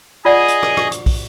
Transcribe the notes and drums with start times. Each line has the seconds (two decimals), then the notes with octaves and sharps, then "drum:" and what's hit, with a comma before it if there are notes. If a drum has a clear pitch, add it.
0.25 F4 G#4 D5 D#5 F#5
0.48 drum: hi-hat
0.63 drum: rim click
0.77 C#6, drum: rim click
0.92 drum: hi-hat
1.06 drum: kick, open hi-hat